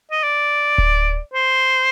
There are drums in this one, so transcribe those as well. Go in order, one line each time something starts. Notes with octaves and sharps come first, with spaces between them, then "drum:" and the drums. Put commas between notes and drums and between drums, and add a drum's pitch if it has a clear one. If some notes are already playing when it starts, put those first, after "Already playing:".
D#5
D5
drum: kick D1
C5